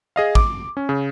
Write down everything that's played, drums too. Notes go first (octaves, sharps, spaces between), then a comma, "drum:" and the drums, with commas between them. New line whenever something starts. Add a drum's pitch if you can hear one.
G#4 D#5 F5
D6, drum: kick
C#4
C#3